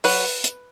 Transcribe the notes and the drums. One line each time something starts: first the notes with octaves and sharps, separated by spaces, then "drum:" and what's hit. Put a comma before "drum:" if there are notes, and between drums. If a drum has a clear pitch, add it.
F#3 B4, drum: open hi-hat
drum: hi-hat